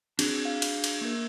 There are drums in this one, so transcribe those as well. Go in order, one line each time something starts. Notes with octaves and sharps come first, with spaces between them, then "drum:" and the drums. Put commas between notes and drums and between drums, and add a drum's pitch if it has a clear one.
C4 D4 F#4 G#4, drum: cymbal
F5
drum: cymbal
drum: cymbal
A#3 A#4